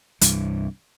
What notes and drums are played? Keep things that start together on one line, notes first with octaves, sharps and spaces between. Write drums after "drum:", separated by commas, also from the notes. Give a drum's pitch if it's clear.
C2 G2 E3, drum: hi-hat